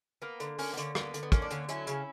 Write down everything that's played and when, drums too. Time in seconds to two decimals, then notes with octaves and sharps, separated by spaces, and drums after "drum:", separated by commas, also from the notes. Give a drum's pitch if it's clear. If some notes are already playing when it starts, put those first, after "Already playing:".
0.22 A#3 B3
0.40 D3, drum: hi-hat
0.59 A#3 C#4, drum: open hi-hat
0.74 B3
0.77 D3 C#4, drum: hi-hat
0.95 A#3 B3, drum: rim click
1.14 D3, drum: hi-hat
1.23 B3
1.32 A#3 C#4, drum: kick, hi-hat
1.42 D4
1.50 D3 C#4, drum: hi-hat
1.69 F#3 C#4 E4, drum: hi-hat
1.87 C#3, drum: hi-hat